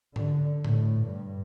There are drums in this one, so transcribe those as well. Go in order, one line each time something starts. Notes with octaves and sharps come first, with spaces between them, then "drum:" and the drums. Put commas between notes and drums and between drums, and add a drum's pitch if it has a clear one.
D3, drum: tom G#2
A2, drum: tom G#2
G2